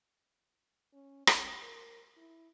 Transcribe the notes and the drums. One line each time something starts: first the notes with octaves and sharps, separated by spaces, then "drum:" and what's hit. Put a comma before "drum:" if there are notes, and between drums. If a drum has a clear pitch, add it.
C#4
C#4, drum: rim click
A#4
E4